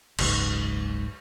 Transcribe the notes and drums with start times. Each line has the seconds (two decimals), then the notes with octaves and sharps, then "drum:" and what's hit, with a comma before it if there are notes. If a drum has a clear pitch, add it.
0.19 F#1 C#2 G#2, drum: cymbal